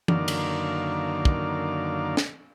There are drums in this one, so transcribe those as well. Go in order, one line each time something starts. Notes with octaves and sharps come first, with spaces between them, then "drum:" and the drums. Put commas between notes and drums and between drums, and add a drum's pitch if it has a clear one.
F#2 D3 D#3 A#3 D5 F5, drum: tom E3
drum: cymbal
drum: kick
drum: snare